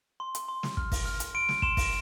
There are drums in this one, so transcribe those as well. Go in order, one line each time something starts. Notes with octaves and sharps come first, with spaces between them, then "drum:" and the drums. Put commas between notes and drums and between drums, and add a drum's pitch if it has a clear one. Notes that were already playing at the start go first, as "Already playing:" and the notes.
C6
drum: hi-hat
C6
drum: snare
F6, drum: kick
drum: kick, open hi-hat
F6
drum: hi-hat
C6 D7
drum: snare
C6 E7, drum: kick
drum: kick, open hi-hat